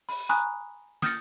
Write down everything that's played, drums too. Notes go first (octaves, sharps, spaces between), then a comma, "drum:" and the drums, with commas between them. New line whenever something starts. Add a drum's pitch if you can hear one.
B5, drum: open hi-hat
G#5 A#5 B5 C#6 D#6 F#6
D#6 F6 G6 A6 A#6 C#7, drum: snare